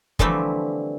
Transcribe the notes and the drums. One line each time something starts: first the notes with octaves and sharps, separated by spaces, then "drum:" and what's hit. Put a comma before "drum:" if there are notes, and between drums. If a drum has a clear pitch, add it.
D3 E3 F3 G3 A3 C4, drum: kick